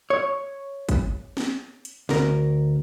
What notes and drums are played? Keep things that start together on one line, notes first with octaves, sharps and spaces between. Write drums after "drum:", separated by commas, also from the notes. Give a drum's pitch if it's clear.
C#5
drum: kick, hi-hat
drum: snare
drum: hi-hat
D2 A#4, drum: snare